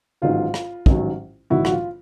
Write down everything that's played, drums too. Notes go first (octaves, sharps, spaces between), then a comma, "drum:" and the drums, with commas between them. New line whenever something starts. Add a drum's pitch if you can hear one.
A1 G#2 D#3 F#3 F4
drum: rim click
A1 G#2 D#3 F#3, drum: kick
A#1 G#2 D#3 E4 F#4
F#4, drum: rim click
F4